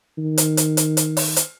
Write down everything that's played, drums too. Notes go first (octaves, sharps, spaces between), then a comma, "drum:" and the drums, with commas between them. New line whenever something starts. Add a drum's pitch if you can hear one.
D#3
drum: hi-hat
drum: hi-hat
drum: hi-hat
drum: hi-hat
drum: open hi-hat
drum: hi-hat